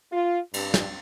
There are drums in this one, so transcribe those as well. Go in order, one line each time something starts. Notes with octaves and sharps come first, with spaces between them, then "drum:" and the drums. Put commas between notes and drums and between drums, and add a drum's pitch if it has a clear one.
F4
G2, drum: cymbal
drum: snare